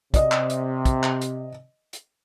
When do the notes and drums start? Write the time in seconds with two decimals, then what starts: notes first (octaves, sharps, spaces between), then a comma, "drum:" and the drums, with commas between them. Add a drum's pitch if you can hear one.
0.14 C3 D5 D#5, drum: kick, hi-hat
0.32 drum: clap
0.50 drum: hi-hat
0.85 drum: kick, hi-hat
1.03 drum: clap
1.21 drum: hi-hat
1.93 drum: hi-hat